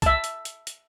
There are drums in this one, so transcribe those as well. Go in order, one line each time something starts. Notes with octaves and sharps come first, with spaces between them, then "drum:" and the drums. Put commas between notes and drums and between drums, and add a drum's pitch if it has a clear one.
E5 A5, drum: kick, hi-hat
drum: hi-hat
drum: hi-hat
drum: hi-hat